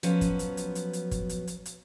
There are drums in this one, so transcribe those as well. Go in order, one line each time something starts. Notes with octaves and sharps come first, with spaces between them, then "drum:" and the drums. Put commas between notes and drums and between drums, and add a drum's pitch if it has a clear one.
F3 F#3 B3 C#4, drum: hi-hat
drum: kick G1, hi-hat
drum: hi-hat
drum: hi-hat
drum: hi-hat
drum: hi-hat
drum: kick G1, hi-hat
drum: hi-hat
drum: hi-hat
drum: hi-hat